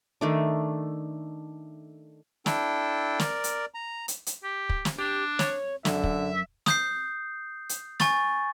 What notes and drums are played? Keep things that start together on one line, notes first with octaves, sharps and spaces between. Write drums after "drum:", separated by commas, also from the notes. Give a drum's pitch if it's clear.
D#3 A3 D4
D4 E4 A4 G5, drum: snare
A#4 D5, drum: snare
drum: hi-hat
A#5
drum: hi-hat
drum: hi-hat
G4
drum: kick
drum: snare
D4 G4
C#5, drum: snare
F#2 D3 E5, drum: snare
drum: kick
D#6 G6 C7, drum: snare
drum: hi-hat
G#5 C#6 A6, drum: snare